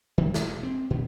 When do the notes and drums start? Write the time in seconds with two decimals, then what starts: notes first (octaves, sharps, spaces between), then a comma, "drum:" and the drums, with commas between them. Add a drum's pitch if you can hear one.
0.18 D#3
0.34 E1, drum: snare
0.63 C4
0.90 A#2